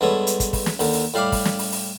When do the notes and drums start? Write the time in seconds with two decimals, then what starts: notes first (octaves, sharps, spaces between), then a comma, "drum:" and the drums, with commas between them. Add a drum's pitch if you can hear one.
0.01 G2 G#3 B3 A4 C#5
0.27 drum: hi-hat
0.40 drum: kick, hi-hat
0.53 drum: kick, open hi-hat
0.66 drum: snare
0.79 D#2 D3, drum: open hi-hat
0.93 drum: open hi-hat
1.14 A2 G3 F5 B5 D6
1.32 drum: kick, open hi-hat
1.45 drum: snare
1.59 drum: open hi-hat
1.72 drum: open hi-hat